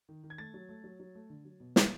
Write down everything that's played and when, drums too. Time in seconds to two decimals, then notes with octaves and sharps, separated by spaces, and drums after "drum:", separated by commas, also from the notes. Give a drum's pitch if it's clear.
0.09 D#3
0.24 D#3
0.30 G#6
0.38 A3 A6
0.54 F#3
0.69 A3
0.84 F#3
1.00 F#3
1.15 A3
1.30 D3
1.45 F#3
1.60 B2
1.76 drum: snare